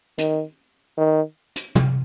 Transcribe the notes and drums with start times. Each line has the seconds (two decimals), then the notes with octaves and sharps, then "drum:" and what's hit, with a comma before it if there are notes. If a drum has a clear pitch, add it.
0.18 D#3, drum: hi-hat
0.98 D#3
1.56 drum: hi-hat
1.75 drum: tom